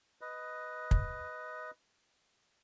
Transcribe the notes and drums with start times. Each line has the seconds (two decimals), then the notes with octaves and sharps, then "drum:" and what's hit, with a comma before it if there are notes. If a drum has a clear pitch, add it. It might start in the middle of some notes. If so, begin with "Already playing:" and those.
0.21 B4 D#5
0.91 drum: kick